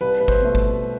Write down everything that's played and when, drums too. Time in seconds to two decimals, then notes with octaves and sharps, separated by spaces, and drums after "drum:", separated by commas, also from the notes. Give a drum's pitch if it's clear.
0.01 C2 B4
0.20 B4
0.28 C5, drum: kick
0.42 B2 A3
0.55 drum: kick